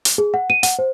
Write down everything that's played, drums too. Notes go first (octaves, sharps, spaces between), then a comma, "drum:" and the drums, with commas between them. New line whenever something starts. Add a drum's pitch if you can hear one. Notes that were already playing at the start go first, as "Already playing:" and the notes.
drum: hi-hat
G#4
F#5
D#7
F#5, drum: hi-hat
C5